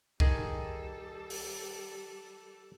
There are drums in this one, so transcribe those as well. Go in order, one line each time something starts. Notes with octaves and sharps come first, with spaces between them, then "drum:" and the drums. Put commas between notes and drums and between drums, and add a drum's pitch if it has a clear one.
D#3 G3 G#4 A4 D#5, drum: kick C2
drum: open hi-hat